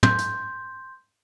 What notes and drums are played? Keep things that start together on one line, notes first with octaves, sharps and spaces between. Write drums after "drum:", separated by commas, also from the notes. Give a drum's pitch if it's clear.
C6 G6, drum: tom
drum: hi-hat